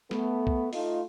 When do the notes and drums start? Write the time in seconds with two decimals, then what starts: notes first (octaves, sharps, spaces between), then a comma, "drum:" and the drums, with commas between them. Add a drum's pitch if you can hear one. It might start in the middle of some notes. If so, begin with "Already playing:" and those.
0.11 A3 B3, drum: snare
0.47 drum: kick
0.73 A3 D#4 F4, drum: open hi-hat